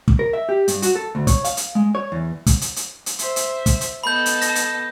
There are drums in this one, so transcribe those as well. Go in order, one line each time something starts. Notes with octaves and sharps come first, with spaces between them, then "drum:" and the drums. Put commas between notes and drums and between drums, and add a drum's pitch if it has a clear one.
drum: kick
A#4
E5
G4
G2, drum: hi-hat
F#4, drum: hi-hat
A4
D2
C#5, drum: kick, hi-hat
F5, drum: hi-hat
drum: hi-hat
G#3
C#5
E2
drum: kick, hi-hat
drum: hi-hat
drum: hi-hat
drum: hi-hat
C5 E5, drum: hi-hat
drum: hi-hat
drum: kick, hi-hat
drum: hi-hat
B3 A4 D#5 B5 G6
drum: hi-hat
A#6, drum: hi-hat
drum: hi-hat